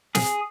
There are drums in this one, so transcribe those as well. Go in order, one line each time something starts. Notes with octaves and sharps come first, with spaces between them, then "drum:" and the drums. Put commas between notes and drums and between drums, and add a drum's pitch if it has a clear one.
G#4, drum: snare